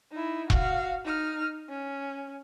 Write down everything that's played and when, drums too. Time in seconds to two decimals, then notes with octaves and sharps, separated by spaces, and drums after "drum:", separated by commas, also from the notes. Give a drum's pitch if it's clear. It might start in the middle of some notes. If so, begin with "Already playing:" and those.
0.11 D#4 E4
0.50 F#4 F5, drum: kick E1
1.05 D#4 F6
1.69 C#4